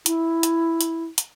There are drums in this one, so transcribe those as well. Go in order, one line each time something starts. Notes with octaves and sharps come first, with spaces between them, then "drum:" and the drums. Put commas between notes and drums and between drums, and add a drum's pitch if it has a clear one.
E4, drum: hi-hat
drum: hi-hat
drum: hi-hat
drum: hi-hat